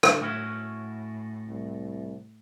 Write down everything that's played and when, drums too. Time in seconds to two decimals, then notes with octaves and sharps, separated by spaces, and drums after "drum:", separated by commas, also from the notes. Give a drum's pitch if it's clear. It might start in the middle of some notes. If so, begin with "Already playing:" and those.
0.03 drum: rim click
0.21 A2 C#4 E4 F#4
1.49 C2